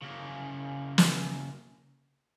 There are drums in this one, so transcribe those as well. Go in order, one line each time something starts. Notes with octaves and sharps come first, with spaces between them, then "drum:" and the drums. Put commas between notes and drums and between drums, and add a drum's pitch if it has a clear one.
C#3 A#3
drum: snare